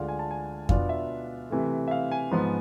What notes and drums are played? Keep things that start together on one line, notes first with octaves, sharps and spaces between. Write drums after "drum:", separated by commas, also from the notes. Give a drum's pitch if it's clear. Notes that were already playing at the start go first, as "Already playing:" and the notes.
Already playing: D2 D3 G#3 D4 F4 F5
G#5
A5
G#5
B2 B3 D4 F4 F5, drum: kick F2
E5
C3 E3 A3
E5
F5
G#5
G#2 F3 B3